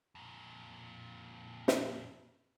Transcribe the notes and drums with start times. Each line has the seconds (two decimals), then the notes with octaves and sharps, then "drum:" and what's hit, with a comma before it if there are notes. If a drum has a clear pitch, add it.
0.15 F2 A#2
1.68 drum: snare